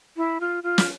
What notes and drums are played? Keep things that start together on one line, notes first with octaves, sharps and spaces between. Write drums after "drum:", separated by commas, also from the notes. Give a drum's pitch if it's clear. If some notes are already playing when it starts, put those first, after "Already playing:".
E4
F4
F4
drum: snare